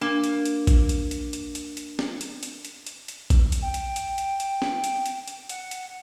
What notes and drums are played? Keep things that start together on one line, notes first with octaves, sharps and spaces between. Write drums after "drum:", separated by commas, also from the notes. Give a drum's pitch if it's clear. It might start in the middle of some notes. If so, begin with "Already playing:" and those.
A#3 D4
drum: hi-hat
drum: hi-hat
drum: kick, hi-hat
drum: hi-hat
drum: hi-hat
drum: hi-hat
drum: hi-hat
drum: hi-hat
drum: snare
drum: hi-hat
drum: hi-hat
drum: hi-hat
drum: hi-hat
drum: hi-hat
drum: kick, hi-hat
drum: hi-hat
G5
drum: hi-hat
drum: hi-hat
drum: hi-hat
drum: hi-hat
drum: snare
drum: hi-hat
drum: hi-hat
drum: hi-hat
F#5, drum: hi-hat
drum: hi-hat